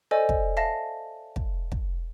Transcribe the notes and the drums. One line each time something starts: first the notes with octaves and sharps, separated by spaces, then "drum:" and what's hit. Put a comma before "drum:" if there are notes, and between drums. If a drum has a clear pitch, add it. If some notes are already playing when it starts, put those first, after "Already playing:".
A4 C5 D5 D#5 G#5
drum: kick
E5 F5 A5 A#6
drum: kick
drum: kick